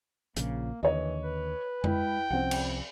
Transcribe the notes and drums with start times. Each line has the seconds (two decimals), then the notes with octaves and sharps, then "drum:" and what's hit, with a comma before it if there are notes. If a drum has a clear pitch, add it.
0.36 A#1 C#3 F3 A#3, drum: hi-hat
0.83 D#2 D3 E3 C#5 D#5
1.23 B4
1.84 G#3 E4 G5, drum: tom F2
2.30 C2 F3 C4 C#4 F#5
2.51 drum: cymbal